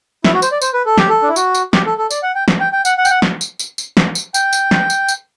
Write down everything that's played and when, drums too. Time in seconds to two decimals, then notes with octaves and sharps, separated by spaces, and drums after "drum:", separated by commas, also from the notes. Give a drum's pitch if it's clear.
0.24 E4, drum: snare
0.34 F#4
0.42 C5, drum: tambourine
0.52 D5
0.62 C5, drum: tambourine
0.73 B4
0.86 A4
0.98 G4, drum: snare
1.09 A4
1.22 D4
1.28 E4
1.36 F#4, drum: tambourine
1.54 drum: tambourine
1.73 G4, drum: snare
1.86 A4
1.98 A4
2.11 D5, drum: tambourine
2.23 F#5
2.35 G5
2.48 drum: snare
2.60 G5
2.73 G5
2.85 F#5, drum: tambourine
2.98 F#5
3.05 G5, drum: tambourine
3.10 F#5
3.22 drum: snare
3.41 drum: tambourine
3.59 drum: tambourine
3.78 drum: tambourine
3.97 drum: snare
4.15 drum: tambourine
4.34 G5, drum: tambourine
4.53 drum: tambourine
4.71 drum: snare
4.90 drum: tambourine
5.09 drum: tambourine